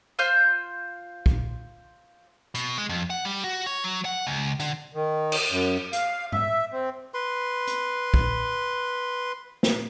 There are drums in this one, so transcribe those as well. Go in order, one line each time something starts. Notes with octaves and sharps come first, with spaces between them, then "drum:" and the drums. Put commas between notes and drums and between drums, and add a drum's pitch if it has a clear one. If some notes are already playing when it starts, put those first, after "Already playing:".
F4 C5 F6 G6
drum: kick
B2, drum: hi-hat
G#3
F2
F#5
G3
F#4
C#5
F#3
F#5
C#2
D3, drum: hi-hat
D#3
drum: cymbal
F#2
F5, drum: hi-hat
E5, drum: tom G#2
C4
B4 C6
drum: hi-hat
drum: kick
drum: snare